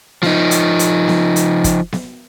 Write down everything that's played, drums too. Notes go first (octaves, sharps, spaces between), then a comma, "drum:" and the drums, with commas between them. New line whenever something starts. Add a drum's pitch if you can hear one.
F3 D#4, drum: snare B3
drum: hi-hat
drum: hi-hat
drum: snare B3
drum: hi-hat
drum: kick, hi-hat
drum: snare B3